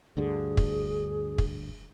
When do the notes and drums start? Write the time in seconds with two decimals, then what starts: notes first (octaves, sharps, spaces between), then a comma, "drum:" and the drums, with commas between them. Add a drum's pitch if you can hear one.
0.17 D2 G2 D3 G#4
0.57 drum: kick
1.38 drum: kick